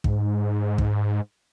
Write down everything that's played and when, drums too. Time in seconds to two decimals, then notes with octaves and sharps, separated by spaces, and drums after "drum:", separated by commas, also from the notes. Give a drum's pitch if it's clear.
0.04 G#2, drum: kick
0.78 drum: kick